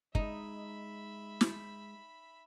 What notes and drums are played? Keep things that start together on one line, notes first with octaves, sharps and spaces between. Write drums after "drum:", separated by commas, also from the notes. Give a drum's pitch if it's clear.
G#3 D#4 E5 B5, drum: kick
drum: snare